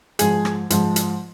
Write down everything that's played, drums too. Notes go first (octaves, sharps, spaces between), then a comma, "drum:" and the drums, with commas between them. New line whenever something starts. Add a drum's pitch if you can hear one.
G#2 F3 G#4, drum: hi-hat
drum: rim click
G#2 F3, drum: hi-hat
drum: hi-hat